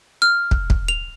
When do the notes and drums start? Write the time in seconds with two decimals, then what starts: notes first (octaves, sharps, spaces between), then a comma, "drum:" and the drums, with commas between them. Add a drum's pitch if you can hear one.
0.22 F6
0.51 drum: kick
0.70 drum: kick
0.88 F7